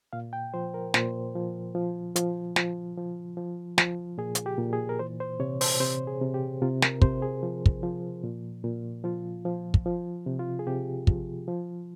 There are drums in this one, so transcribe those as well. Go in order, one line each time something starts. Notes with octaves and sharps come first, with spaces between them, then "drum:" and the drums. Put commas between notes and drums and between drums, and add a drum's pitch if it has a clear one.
A#2 F5
G5
F3 C5
A#4
A#2 C5, drum: snare
F3
F3
F3, drum: hi-hat
F3, drum: snare
F3
F3
F3, drum: snare
A#2 G#4
drum: hi-hat
G4
A#2
G#4
A#4
E3 C5
C5
C3 C#5
C5, drum: open hi-hat
C3 C5
G#4
C3
G4
C3 F4
A#4, drum: snare
C3 C5, drum: kick
G#4
F3
drum: kick
F3
A#2
A#2
F3 F4
F3
drum: kick
F3
C3
F4
G#4
C3 G4
F3, drum: kick
F3